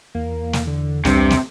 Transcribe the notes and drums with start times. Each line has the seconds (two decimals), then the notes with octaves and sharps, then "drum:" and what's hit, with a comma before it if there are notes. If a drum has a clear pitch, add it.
0.15 E2 A#3
0.53 drum: snare
0.67 D3
1.05 C2 G2 C3, drum: snare
1.30 drum: snare